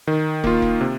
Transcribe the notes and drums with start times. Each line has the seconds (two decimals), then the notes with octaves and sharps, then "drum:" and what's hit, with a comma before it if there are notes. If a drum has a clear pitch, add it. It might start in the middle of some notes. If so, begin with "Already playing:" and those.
0.07 D#3
0.44 A#3 F4, drum: kick
0.62 drum: kick
0.81 C3